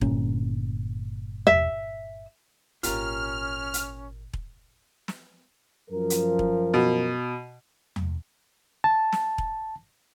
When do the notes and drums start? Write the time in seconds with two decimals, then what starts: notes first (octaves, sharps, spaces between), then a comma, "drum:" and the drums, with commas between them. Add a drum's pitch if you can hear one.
0.01 G1 A#2 C#4, drum: kick E1
1.47 E5, drum: tom E2
2.83 G#1 A#2 C#4 F4 G4 A#4 F6, drum: hi-hat
3.74 drum: hi-hat
4.33 drum: kick E1
5.08 drum: snare
5.90 F#2 F3 A#4
6.10 drum: hi-hat
6.39 drum: kick E1
6.74 B2
7.96 drum: tom E2
8.84 A5
9.13 drum: snare
9.38 drum: kick E1